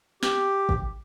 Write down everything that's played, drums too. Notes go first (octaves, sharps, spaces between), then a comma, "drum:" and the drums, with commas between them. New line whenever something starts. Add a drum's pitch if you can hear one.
G4, drum: snare
drum: kick